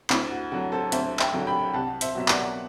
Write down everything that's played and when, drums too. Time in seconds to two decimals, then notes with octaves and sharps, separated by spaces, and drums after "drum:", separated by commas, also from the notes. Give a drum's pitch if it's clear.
0.10 D2 E4, drum: clap
0.31 F#4
0.52 D3 F#3 F#4
0.72 A4 C5
0.92 D2 C5 E5, drum: hi-hat
1.19 E5 G5, drum: clap
1.33 D3 F#3
1.47 G5 B5
1.74 C2 F#5 A5
2.01 C5 E5, drum: hi-hat
2.15 B2 F#3 E5
2.28 D5 F#5, drum: clap